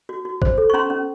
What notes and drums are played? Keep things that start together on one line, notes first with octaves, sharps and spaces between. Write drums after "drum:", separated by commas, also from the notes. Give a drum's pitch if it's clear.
F#4
F#4
C5, drum: kick
A4
C#6
C#4 A#5 C6
C#4